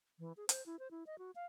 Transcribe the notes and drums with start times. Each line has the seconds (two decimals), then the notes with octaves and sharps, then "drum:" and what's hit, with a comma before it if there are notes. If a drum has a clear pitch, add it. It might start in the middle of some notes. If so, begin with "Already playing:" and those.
0.19 E3
0.37 G#4
0.49 C5, drum: hi-hat
0.66 E4
0.79 C5
0.91 E4
1.07 D#5
1.18 F#4
1.35 F5